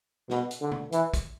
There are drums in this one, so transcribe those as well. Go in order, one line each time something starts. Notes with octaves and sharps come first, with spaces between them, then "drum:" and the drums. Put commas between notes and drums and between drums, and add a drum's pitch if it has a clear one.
B2, drum: snare
drum: hi-hat
D3
drum: tom B2
E3, drum: hi-hat
drum: kick, hi-hat